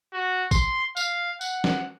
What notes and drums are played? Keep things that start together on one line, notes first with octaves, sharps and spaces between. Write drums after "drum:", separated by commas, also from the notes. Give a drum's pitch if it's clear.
F#4
C6, drum: kick, tambourine
F5, drum: tambourine
F#5, drum: tambourine
drum: snare